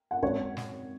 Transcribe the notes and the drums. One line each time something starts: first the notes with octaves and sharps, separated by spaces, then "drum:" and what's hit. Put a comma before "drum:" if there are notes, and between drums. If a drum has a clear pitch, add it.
F#5
G#1 F#2 F#3 C#5, drum: kick
drum: snare